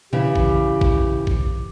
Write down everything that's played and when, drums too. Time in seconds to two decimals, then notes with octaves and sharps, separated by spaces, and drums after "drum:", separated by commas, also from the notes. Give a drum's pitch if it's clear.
0.13 C#3 E3 G4
0.36 drum: kick
0.81 drum: kick
1.27 drum: kick